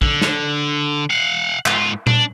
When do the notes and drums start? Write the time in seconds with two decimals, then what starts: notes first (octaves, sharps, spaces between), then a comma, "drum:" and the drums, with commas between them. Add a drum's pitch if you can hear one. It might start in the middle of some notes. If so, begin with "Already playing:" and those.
0.02 D3, drum: kick
0.22 drum: snare
1.10 F5 F#5
1.66 G#2 F4, drum: clap
2.07 D4, drum: tom A#2